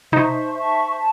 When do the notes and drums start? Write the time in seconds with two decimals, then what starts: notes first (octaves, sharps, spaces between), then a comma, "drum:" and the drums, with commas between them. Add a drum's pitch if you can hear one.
0.12 D#4 C5 E5 A5 C#6, drum: tom B2
0.54 C5 E5 A5 C#6
0.96 A5 C#6